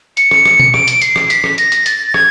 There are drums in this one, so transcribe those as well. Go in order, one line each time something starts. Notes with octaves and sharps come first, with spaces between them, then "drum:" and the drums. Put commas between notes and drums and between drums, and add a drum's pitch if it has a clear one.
C#7, drum: hi-hat
drum: rim click
drum: rim click
drum: tom B2
D7, drum: rim click
drum: hi-hat
C7, drum: hi-hat
drum: rim click
B6, drum: hi-hat
drum: rim click
A#6, drum: hi-hat
drum: hi-hat
A6, drum: hi-hat
A6
G#6, drum: rim click